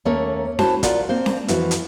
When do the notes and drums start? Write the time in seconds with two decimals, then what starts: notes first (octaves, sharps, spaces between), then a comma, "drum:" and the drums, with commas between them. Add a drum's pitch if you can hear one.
0.05 D#2 A3 A#3 C#4 A#4 C#5
0.59 E4 F#4 C5 A5, drum: snare C#4
0.83 F4 F#4 A#4 D5 F#5, drum: kick, hi-hat
1.09 A#3 C4 C5
1.26 drum: snare C#4
1.48 F2 E3 E4 F#4, drum: hi-hat
1.71 drum: hi-hat